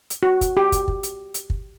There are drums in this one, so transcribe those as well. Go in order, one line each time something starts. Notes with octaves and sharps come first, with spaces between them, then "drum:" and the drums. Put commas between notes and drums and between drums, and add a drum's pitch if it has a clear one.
drum: hi-hat
F#4
drum: kick, hi-hat
G4
drum: kick, hi-hat
drum: kick
drum: hi-hat
drum: hi-hat
drum: kick